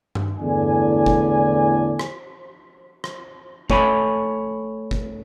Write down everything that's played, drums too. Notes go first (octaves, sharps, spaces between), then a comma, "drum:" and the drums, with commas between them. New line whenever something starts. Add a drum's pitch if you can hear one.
drum: tom G2
E2 A2 D3 D5 G#5
drum: kick G1
drum: rim click
drum: rim click
A3 C#5 G#5 B5, drum: kick G1
drum: kick G1